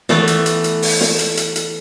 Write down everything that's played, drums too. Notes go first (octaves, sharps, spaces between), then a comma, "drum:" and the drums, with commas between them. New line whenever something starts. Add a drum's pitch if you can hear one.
E3 A3 B3, drum: snare
drum: hi-hat
drum: hi-hat
drum: hi-hat
drum: open hi-hat
drum: snare
drum: hi-hat
drum: hi-hat
drum: hi-hat